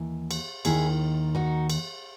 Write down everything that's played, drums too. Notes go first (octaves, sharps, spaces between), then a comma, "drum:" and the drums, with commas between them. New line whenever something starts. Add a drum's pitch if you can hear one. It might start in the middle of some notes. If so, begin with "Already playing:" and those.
Already playing: D#2 E3
drum: cymbal
D#2 D#3 E4 G#4, drum: cymbal
D#4 F#4
drum: cymbal